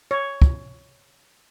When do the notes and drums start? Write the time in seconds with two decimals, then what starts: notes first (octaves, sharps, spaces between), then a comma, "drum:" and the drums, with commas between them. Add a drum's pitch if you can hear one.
0.11 C#5
0.42 drum: kick